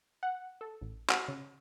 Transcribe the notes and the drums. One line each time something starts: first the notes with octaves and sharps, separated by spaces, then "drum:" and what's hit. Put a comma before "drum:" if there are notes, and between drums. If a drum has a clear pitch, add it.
F#5
A4
A1
F#4, drum: clap
C#3